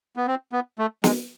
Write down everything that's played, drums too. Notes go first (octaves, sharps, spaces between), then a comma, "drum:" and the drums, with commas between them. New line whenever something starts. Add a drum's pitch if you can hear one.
B3
C4
B3
A3
G#3, drum: snare